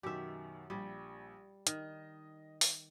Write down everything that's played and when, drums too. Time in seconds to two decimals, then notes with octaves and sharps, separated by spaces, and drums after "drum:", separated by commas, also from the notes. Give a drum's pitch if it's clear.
0.03 F#2 B2 D#3 G4 E5
0.70 A#1 G3
1.67 D#3 D#5, drum: hi-hat
2.61 drum: open hi-hat